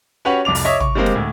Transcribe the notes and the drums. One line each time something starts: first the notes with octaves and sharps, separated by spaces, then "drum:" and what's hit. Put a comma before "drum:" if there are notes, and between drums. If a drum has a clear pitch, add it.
C#4 F#4 G4 B4 C#5 F#5
C2 F2 D6 F7
drum: open hi-hat
C#5 D#5 E5 C#6
C#6, drum: tom
G3 G#3 A#3 C4
drum: snare
D2 A2